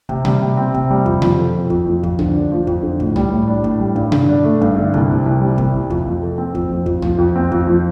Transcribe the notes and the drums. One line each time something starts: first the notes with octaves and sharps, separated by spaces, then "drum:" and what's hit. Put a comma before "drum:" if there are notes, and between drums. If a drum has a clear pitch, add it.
C3, drum: kick
G3, drum: tom B2
C3
C4
C3, drum: kick
G3
F2, drum: kick
F3, drum: tom B2
A4
C4
F2, drum: kick
F3
F2, drum: kick
D3, drum: tom B1
D4
F3
F2, drum: kick
D3
A2, drum: kick
G3, drum: tom B1
A2
D4
A2, drum: kick
G3
G2, drum: kick
D3, drum: tom B2
D4
A3
G2, drum: kick
D3
C2, drum: kick
C3
C2
G3
C2, drum: kick
C3
F2, drum: kick
F3
A4
C4
F2, drum: kick
F3
F2, drum: kick
F3, drum: tom B1
F2
C4
F2, drum: kick
F3